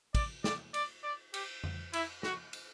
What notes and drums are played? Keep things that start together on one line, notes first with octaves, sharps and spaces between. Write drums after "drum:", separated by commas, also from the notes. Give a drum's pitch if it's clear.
D5, drum: kick, cymbal
D5, drum: snare
D5, drum: cymbal
D5
G4, drum: cymbal
drum: tom F2
E4, drum: cymbal
F#4, drum: snare
drum: cymbal